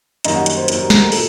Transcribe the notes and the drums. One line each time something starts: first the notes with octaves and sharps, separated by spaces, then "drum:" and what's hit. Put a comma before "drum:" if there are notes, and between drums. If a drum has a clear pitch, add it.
F#2 D#3 G3 A#3 D#5, drum: hi-hat
F#5
drum: hi-hat
C5
F#2 D#3 G3 A#3 A#4, drum: hi-hat
drum: snare
A#4
A#2 A3 A4, drum: open hi-hat